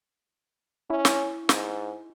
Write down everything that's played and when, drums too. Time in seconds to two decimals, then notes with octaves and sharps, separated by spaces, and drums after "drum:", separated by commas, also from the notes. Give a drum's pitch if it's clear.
0.90 C#4 E4
1.05 drum: snare
1.49 G#2, drum: snare